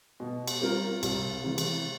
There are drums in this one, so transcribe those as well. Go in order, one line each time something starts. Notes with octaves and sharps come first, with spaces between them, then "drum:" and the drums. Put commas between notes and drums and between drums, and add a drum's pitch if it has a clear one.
B2
drum: cymbal
G3 C4 F4 A#4
C2, drum: cymbal
C3 E3 G#3
drum: cymbal